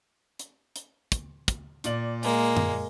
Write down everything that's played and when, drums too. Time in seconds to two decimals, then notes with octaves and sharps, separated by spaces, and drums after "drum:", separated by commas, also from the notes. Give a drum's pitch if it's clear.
0.39 drum: hi-hat
0.76 drum: hi-hat
1.12 drum: kick, hi-hat
1.48 drum: kick, hi-hat
1.84 A#2 D5 F#7, drum: hi-hat
2.23 G#3 A#3, drum: open hi-hat
2.57 drum: tom F#2